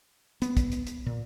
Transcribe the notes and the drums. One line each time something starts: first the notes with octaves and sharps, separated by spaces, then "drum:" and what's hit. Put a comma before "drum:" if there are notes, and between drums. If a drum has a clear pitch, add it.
B3, drum: hi-hat
drum: kick, hi-hat
drum: hi-hat
drum: hi-hat
A#2